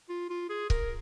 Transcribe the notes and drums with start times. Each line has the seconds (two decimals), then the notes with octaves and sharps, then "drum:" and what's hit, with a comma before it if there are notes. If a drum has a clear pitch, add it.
0.09 F4
0.30 F4
0.50 G#4
0.70 A#4, drum: kick C#1